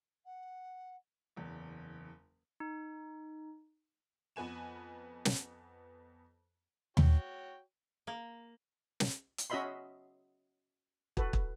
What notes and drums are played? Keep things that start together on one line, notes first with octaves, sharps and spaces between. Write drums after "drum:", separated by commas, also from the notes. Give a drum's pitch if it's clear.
F#5
F#1 E2
D#4
F2 B3 B4 G#5 E7
drum: snare
F#4 C#5 G5, drum: tom D#2
A#3
drum: snare
drum: hi-hat
C#4 F#4 D#5 E5 B5 C6
F#4 A4 B4, drum: kick
drum: kick